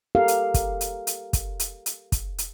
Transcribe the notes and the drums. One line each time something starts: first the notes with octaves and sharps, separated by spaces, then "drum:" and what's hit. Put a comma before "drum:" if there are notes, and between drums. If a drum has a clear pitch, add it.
G4 A4 A#4 F5
drum: hi-hat
drum: kick, hi-hat
drum: hi-hat
drum: hi-hat
drum: kick, hi-hat
drum: hi-hat
drum: hi-hat
drum: kick, hi-hat
drum: hi-hat